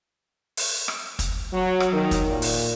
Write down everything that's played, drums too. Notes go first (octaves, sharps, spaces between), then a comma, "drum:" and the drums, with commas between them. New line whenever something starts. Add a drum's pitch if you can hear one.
drum: open hi-hat
drum: rim click
drum: kick, hi-hat
F#3
drum: rim click
D#3
drum: kick, hi-hat
A#2
drum: open hi-hat